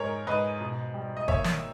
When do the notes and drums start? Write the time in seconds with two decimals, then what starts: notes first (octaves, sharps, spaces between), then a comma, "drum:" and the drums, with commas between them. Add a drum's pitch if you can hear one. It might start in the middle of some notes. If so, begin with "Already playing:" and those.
Already playing: G#2 G#4 A#4 C#5
0.27 G#2 B4 D#5
0.61 B2
0.94 G3
1.17 D#5
1.28 A#3 C#5 E5, drum: kick
1.44 drum: snare